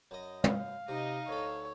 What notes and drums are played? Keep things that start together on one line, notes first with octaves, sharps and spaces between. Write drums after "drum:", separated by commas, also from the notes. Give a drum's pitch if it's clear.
F#2 D#5
F5, drum: tom
C3 D#4 D#5
D2 A4 C#5